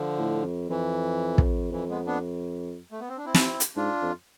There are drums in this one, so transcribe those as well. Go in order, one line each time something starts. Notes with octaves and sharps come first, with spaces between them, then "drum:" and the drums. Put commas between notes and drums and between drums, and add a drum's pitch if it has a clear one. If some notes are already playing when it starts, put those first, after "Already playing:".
Already playing: D3 F3
A2
F2
F2 E3
drum: kick
F2 E3
G#3 B3
B3 D4
A3
B3
C4
D4
C4 E4
drum: snare
drum: hi-hat
G#2 D4 F4
F2